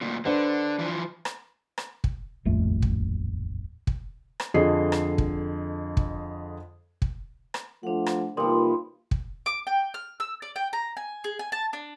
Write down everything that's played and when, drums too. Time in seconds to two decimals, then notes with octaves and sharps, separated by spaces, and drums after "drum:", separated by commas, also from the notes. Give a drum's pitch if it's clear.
0.01 D2 A#2
0.25 D3 D4 B4 C5
0.79 E3 F3
1.25 drum: rim click
1.78 drum: rim click
2.04 drum: kick
2.45 D#1 A1 F2 A3
2.82 drum: kick
3.87 drum: kick
4.40 drum: rim click
4.54 F2 D3 G#4 D#5 C7
4.92 drum: rim click
5.18 drum: kick
5.97 drum: kick
7.02 drum: kick
7.54 drum: rim click
7.83 F3 A3 D4 F4 F#5
8.06 drum: rim click
8.37 C3 F3 G3 A#3 D#4 A#4 B4 C6
9.11 drum: kick
9.46 D6
9.67 G5
9.94 F6
10.20 E6
10.42 D5
10.56 G5
10.73 A#5
10.97 G#5
11.24 G#4
11.39 G#5
11.52 A5
11.73 D4